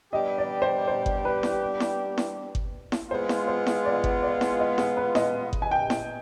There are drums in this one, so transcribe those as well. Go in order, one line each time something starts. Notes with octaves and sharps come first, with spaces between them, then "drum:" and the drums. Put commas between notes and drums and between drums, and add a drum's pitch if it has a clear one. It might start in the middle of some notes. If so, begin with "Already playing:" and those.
G3 B3 D4 G4 D#5
D5
C5
C5
drum: kick G1
B4
drum: snare E4
drum: snare E4
drum: snare E4
drum: kick G1
drum: snare E4
G#3 B3 F4 C5
drum: snare E4
C5
drum: snare E4
D5
drum: kick G1
D5
drum: snare E4
D#5
G#4, drum: snare E4
B4
D#5, drum: snare E4
drum: kick G1
G#5
G5
drum: snare E4